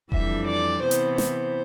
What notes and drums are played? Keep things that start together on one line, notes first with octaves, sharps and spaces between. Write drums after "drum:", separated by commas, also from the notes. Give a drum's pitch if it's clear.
F2 E3 G3 D4 E5, drum: kick E1
D5
C3 E3 B3 E4 C5
drum: hi-hat
C5, drum: snare